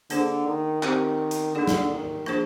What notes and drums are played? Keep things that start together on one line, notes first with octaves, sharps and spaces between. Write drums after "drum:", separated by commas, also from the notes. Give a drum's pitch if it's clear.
D3 A#3 D4 G#4 C5, drum: hi-hat
D#3
D#3 C4 G4 C5, drum: clap
drum: hi-hat
D3 A#3 D#4 G#4 D5
drum: snare
D#3
F3 A#3 D4 G#4 C5, drum: rim click